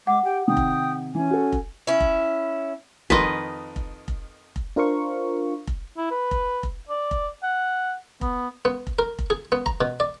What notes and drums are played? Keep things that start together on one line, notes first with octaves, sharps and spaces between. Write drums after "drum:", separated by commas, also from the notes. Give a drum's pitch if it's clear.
G#3 F#5 D6
G4 G5
C3 D#3 G5 D#6
drum: kick F1
E3 C#4 G#5
F#4 A4
drum: kick F1
C#4 E4
drum: kick F1
F2 D#3 B4 D#5 C6, drum: kick F1
drum: kick F1
drum: kick F1
drum: kick F1
D4 F4 A#4 C5 F5 C#6
drum: kick F1
E4
B4
drum: kick F1
drum: kick F1
D5
drum: kick F1
F#5
B3, drum: kick F1
B3
drum: kick F1
A#4
drum: kick F1
G#4
B3
A#5, drum: kick F1
B2
D5